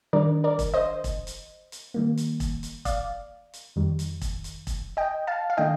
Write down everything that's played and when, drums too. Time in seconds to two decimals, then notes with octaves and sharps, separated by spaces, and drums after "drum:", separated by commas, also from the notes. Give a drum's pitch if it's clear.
0.13 D#3 G3 D4 A#4 D5
0.44 A#4 D5
0.59 drum: kick E1, hi-hat
0.74 C5 D#5
1.04 drum: kick E1, hi-hat
1.27 drum: hi-hat
1.72 drum: hi-hat
1.94 D#3 G3 A#3
2.17 drum: hi-hat
2.40 drum: kick E1, hi-hat
2.63 drum: hi-hat
2.85 D5 F5, drum: kick E1, hi-hat
3.53 drum: hi-hat
3.76 F2 D#3 G3
3.99 drum: hi-hat
4.21 drum: kick E1, hi-hat
4.44 drum: hi-hat
4.67 drum: kick E1, hi-hat
4.97 D#5 G5
5.27 F5 A5
5.50 F5
5.57 D#3 A3 D4 D#5 G5